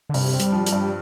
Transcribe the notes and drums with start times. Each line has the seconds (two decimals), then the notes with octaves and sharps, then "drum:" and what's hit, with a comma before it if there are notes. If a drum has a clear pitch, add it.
0.09 D3
0.14 G2 C3, drum: open hi-hat
0.33 C4
0.40 G3, drum: hi-hat
0.52 F3
0.66 G3, drum: hi-hat
0.72 G2